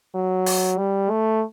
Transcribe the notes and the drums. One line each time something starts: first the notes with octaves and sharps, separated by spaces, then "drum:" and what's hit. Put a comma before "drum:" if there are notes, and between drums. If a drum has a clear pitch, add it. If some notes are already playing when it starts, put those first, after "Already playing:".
F#3
drum: open hi-hat
G3
A3